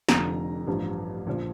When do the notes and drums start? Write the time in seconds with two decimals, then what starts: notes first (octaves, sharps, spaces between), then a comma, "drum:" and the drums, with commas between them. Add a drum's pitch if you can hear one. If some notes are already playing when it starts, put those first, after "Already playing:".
0.09 F1 F2 D3 F3 A#5, drum: snare
0.67 A1 G2 F3
1.27 A#1 A#2 F3